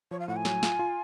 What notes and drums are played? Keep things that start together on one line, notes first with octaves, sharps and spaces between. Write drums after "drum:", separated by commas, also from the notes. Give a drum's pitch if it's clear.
F3 C#5
F5
A2 F#5
G#5
F#3, drum: snare
F4, drum: snare
F4